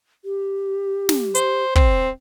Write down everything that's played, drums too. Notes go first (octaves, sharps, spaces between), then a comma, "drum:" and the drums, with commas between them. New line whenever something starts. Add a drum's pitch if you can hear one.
G4
drum: snare
C5, drum: hi-hat
C4, drum: kick